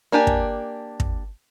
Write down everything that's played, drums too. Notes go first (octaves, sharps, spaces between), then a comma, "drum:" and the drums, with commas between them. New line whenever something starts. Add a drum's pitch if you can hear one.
A#3 D4 G4 G#5
drum: kick
drum: kick